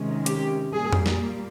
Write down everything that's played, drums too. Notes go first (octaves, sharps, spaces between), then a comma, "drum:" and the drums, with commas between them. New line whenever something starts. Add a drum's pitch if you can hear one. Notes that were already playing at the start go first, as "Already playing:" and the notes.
Already playing: C3 D#3 G#3 C#4
G4, drum: hi-hat
A#2 G3 A#3 G#4
drum: tom F2
drum: snare